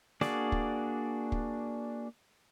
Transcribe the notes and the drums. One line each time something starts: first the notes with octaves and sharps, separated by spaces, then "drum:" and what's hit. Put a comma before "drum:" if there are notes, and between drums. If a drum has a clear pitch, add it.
A#3 D4 F#4 G#4 D5, drum: snare
drum: kick
drum: kick